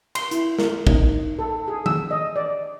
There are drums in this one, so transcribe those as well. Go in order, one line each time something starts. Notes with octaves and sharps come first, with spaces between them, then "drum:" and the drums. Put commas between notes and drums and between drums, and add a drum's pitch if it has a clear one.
C6, drum: cymbal
E4, drum: hi-hat
A#4, drum: snare
D#4, drum: kick
D#4
A4
G#4
E6, drum: tom D#3
D#5
D5